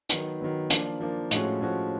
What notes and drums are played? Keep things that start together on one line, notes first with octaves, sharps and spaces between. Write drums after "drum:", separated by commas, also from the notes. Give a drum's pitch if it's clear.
D#3 F#3 B3, drum: hi-hat
D#3 F#3 B3
F3 A#3 D4, drum: hi-hat
F3 A#3 D4
A2 F3 G#3 C#4 F#4, drum: hi-hat
A2 F3 G#3 C#4 F#4